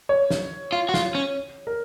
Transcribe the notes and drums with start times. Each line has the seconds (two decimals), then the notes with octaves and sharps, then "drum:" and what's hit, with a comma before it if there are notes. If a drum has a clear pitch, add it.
0.09 C#5
0.30 drum: snare
0.72 F4
0.89 F#4
0.94 F4, drum: snare
1.15 C#4
1.67 A#4